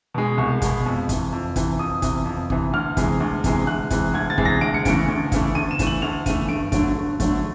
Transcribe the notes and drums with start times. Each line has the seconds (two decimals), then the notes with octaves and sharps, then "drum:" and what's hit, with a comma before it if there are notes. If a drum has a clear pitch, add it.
0.14 B2 G#3
0.38 C2 C#6
0.62 B2 G#3, drum: kick G1, hi-hat
0.86 F2
1.09 C3 E3, drum: kick G1, hi-hat
1.33 F2
1.56 C3 E3, drum: kick G1, hi-hat
1.79 F2 D#6
2.02 C3 E3, drum: kick G1, hi-hat
2.26 F2
2.50 C3 E3, drum: kick G1
2.73 D2 F6
2.97 C3 E3 G#3, drum: kick G1, hi-hat
3.20 D2
3.44 C3 E3 G#3, drum: kick G1, hi-hat
3.67 D2 F#6
3.90 C3 E3 G#3, drum: kick G1, hi-hat
4.14 D2 G#6
4.30 A6
4.38 C3 E3 G#3, drum: kick G1
4.45 A#6
4.61 D2 D7
4.74 C#7
4.85 C#3 E3 A3 D7, drum: kick G1, hi-hat
5.08 D2
5.32 C#3 E3 A3, drum: kick G1, hi-hat
5.55 D2 D#7
5.71 E7
5.79 C#3 E3 A3, drum: kick G1, hi-hat
5.87 F#7
6.02 D2 F7
6.26 C#3 E3 A3 D#7, drum: kick G1, hi-hat
6.49 G2 D7
6.72 D3 F#3 A3, drum: kick G1, hi-hat
6.96 G2
7.20 D3 F#3 A3, drum: kick G1, hi-hat